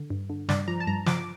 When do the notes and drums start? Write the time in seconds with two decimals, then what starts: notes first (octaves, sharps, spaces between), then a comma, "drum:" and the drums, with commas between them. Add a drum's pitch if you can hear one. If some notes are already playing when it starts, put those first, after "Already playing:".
Already playing: D3
0.10 G2
0.30 D3
0.49 G2 D5, drum: snare
0.68 F3 A#5
0.80 A5
0.87 G2 A#5
1.06 F3 D6, drum: snare